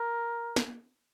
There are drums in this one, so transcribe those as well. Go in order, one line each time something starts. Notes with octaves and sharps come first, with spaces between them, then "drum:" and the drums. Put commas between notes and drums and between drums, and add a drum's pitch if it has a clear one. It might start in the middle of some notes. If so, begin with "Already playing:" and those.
Already playing: A#4
drum: snare